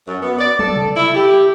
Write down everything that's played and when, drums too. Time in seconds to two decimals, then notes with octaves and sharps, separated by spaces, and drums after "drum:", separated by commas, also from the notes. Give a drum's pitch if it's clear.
0.07 F#2
0.22 B3
0.39 D5
0.59 A4, drum: tom
0.76 drum: tom C3
0.96 E4
1.15 G4